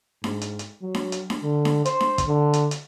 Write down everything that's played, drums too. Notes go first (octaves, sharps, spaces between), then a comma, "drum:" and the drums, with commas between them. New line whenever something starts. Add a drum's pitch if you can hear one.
G#2, drum: snare D4
drum: hi-hat
drum: hi-hat
F#3
drum: snare D4
drum: hi-hat
drum: snare D4
D3
drum: snare D4
C5, drum: hi-hat
drum: snare D4
drum: kick, hi-hat
D3
drum: hi-hat
drum: hi-hat